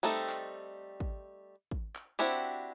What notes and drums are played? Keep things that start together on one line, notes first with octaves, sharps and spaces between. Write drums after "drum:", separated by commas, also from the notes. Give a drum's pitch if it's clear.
G3 A3 C4 D#4 A4
drum: clap
drum: kick
drum: kick
drum: clap
C4 D4 E4 F#4 G4